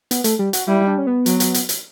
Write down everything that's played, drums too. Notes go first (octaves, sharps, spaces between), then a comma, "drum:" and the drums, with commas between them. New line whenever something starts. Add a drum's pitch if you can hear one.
B3, drum: hi-hat
A3, drum: hi-hat
G3
F#4, drum: hi-hat
G3 E4
D4
C#4
B3
F#3, drum: hi-hat
drum: hi-hat
drum: hi-hat
drum: hi-hat